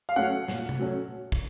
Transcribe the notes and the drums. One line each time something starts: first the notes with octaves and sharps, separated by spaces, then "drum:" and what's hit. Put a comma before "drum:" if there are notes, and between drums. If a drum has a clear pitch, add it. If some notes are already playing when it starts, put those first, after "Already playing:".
F5
F#3 A3 C#4 F#5
A#2, drum: snare
drum: tom C3
F#3 A3 C#4
drum: kick